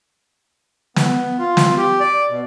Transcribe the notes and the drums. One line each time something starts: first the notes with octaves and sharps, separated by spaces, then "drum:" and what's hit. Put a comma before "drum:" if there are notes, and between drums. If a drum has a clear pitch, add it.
B3, drum: snare
F4
drum: snare
G4
D5
B2